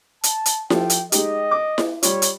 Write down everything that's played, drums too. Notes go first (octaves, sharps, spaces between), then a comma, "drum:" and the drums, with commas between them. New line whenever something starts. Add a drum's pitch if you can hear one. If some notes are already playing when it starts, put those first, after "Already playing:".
A5, drum: hi-hat
drum: hi-hat
F3 G4 A4 G5, drum: snare E4
drum: hi-hat
G#3 D#4 G4 D#5, drum: hi-hat
D6
drum: snare E4
G3 F4 C#5, drum: hi-hat
drum: hi-hat